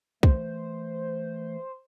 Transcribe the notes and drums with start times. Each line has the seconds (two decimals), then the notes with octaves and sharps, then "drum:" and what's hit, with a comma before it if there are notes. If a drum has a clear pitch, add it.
0.23 E3 A3 C5, drum: kick